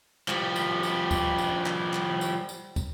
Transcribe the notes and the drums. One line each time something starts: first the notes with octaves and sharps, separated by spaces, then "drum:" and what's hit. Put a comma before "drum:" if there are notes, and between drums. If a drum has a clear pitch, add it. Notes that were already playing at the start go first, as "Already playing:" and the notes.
F3 G3, drum: clap
drum: tambourine
drum: tambourine
drum: kick, tambourine
drum: tambourine
drum: clap
drum: clap
drum: tambourine
drum: tambourine
drum: kick, tambourine